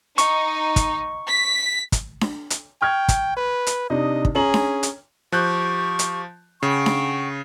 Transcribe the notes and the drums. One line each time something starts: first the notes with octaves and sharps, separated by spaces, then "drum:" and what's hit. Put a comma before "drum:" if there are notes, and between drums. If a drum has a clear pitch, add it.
D#4 C#6, drum: hi-hat
drum: kick, hi-hat
B6
drum: kick, hi-hat
drum: snare D4
drum: hi-hat
G5 C#6 F6 G#6
drum: kick, hi-hat
B4
drum: hi-hat
C3 D4 D#4 D#5
drum: kick
C#4 G#4 A#5 F#7
drum: snare D4
drum: hi-hat
F3 G4 C#6 F#6 G6
drum: hi-hat
C#3 F#5 G5 C#6
drum: snare D4